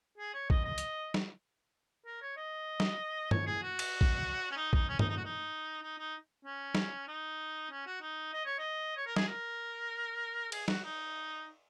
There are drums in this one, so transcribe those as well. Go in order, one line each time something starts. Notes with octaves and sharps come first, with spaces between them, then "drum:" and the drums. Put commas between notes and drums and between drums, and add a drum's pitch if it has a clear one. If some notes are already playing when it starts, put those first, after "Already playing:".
G#4
C#5
D#5, drum: kick
D#5
drum: hi-hat
drum: snare
A#4
C#5
D#5
drum: snare
C#5, drum: tom G2
G#4
F#4
drum: cymbal
drum: kick
C#4
D#4
D#4, drum: kick
C#4
D#4, drum: tom G2
D#4
F#4
D#4
D#4
D#4
C#4
drum: snare
D#4
C#4
F#4
D#4
D#5
C#5
D#5
C#5
A#4
G#4, drum: snare
A#4
G#4, drum: cymbal
F#4, drum: snare
D#4